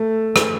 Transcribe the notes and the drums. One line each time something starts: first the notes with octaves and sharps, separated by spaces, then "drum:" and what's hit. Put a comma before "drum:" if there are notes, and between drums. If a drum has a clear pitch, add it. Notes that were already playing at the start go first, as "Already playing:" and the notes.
Already playing: A3
drum: rim click